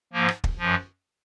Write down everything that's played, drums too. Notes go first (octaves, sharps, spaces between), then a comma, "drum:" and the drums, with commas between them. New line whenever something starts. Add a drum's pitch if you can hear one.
G#2 F3 A#3
drum: rim click
drum: kick
F#2 F3